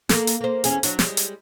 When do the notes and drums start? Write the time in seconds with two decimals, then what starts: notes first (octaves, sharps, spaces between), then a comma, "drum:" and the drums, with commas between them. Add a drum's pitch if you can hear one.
0.09 A#3 A4, drum: snare
0.27 drum: hi-hat
0.41 A#3 C5
0.64 E2 C#4 G#4, drum: hi-hat
0.83 F#3 D4 F#4, drum: hi-hat
0.99 G3 G#3, drum: snare
1.17 drum: hi-hat